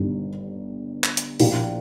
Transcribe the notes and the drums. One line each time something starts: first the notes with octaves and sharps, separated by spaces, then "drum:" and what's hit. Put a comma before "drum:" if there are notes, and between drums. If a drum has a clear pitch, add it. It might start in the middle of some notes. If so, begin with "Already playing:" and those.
Already playing: G1 G2 D#3 G3
drum: clap
drum: hi-hat
A#1 A#2 A#3 E4 G4, drum: open hi-hat